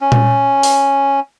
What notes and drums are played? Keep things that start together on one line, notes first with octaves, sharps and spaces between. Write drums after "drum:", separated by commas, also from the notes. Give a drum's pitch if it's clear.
C#4
drum: tom A#2
drum: open hi-hat